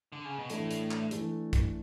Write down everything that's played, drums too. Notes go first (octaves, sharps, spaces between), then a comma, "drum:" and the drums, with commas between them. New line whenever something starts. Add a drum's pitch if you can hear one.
D3
C#3
B2
A2 E3 A3 D4 A4, drum: hi-hat
drum: hi-hat
drum: clap
E3 A3 D4 A4, drum: hi-hat
drum: kick, hi-hat